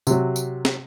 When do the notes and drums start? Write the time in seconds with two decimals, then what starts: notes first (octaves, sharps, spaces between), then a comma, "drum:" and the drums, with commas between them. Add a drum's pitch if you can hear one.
0.07 C3 F#3, drum: tambourine
0.36 drum: tambourine
0.65 drum: snare